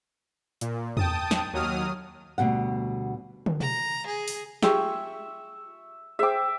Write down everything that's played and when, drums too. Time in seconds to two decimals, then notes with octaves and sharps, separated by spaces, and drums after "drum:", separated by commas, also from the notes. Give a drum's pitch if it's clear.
0.61 A#2, drum: hi-hat
0.97 G5 A5 D#6, drum: tom E2
1.31 drum: snare
1.53 D#2 F#3 D#6 F6
2.38 D2 B2 G3 F#5
3.46 drum: tom
3.60 A#5, drum: tom B2
4.06 G#4
4.28 drum: open hi-hat
4.62 F4 G4 G#4 E5 C#6, drum: snare
6.19 G#4 C5 E5 G5 D6